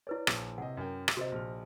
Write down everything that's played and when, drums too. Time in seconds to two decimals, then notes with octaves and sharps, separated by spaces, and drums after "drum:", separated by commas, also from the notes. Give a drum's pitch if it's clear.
0.07 E4 B4 C#5 D5
0.27 A#1, drum: rim click
0.58 C3 D#5 F#5
0.77 F#2 A#4 G5
1.08 drum: rim click
1.17 C3 F#4 C5 D#5
1.32 A#1 F6